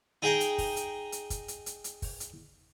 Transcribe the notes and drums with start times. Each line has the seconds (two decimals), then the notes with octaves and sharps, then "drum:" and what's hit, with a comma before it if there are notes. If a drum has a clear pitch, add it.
0.22 D#4 G#4 G5 A#5
0.40 drum: hi-hat
0.58 drum: kick, open hi-hat
0.76 drum: hi-hat
1.12 drum: hi-hat
1.30 drum: kick, hi-hat
1.48 drum: hi-hat
1.66 drum: hi-hat
1.84 drum: hi-hat
2.02 drum: kick, open hi-hat
2.20 drum: hi-hat